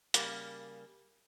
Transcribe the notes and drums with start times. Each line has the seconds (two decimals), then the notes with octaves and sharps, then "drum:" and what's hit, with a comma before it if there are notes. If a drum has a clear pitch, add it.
0.14 C#3 G3 A#3, drum: hi-hat